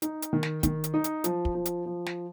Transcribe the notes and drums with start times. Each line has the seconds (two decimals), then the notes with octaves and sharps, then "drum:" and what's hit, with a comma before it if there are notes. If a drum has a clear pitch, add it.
0.02 D#4, drum: hi-hat
0.22 drum: hi-hat
0.33 D#3
0.43 drum: snare
0.63 D#3, drum: kick, hi-hat
0.84 drum: hi-hat
0.94 D#4
1.04 drum: hi-hat
1.24 F3, drum: hi-hat
1.45 drum: kick
1.55 F3
1.65 drum: hi-hat
1.86 F3
2.06 drum: snare